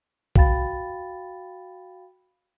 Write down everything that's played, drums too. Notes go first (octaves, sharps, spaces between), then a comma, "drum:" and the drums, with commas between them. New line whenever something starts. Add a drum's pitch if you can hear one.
F#4 F5 G5 B5 A6, drum: kick B1